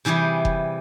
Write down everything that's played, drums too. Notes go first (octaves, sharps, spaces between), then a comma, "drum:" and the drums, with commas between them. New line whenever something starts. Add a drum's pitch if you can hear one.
C3 E3 G3 G4 G#4
drum: kick F1